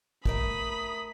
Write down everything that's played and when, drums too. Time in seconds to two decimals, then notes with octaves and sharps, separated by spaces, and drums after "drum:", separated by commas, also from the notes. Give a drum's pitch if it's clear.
0.26 A3 A#4 E5 B5 D#6, drum: kick